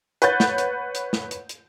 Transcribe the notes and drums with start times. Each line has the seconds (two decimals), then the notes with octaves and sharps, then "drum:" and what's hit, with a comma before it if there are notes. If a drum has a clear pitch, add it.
0.22 B4 C#5 F#5 G6 A6, drum: hi-hat
0.40 drum: snare
0.58 drum: hi-hat
0.95 drum: hi-hat
1.13 drum: snare
1.31 drum: hi-hat
1.49 drum: hi-hat